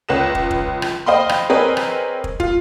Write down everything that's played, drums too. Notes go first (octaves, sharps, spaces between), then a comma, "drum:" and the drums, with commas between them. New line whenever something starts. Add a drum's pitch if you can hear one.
C#2 B4 C#5 F#6 A#6 E7
drum: kick
drum: kick
drum: rim click
C5 D#5 F5 G5 B5 C6
drum: rim click
C4 G#4 A#4 B4 C#5 D#5
drum: rim click
drum: kick
F4, drum: kick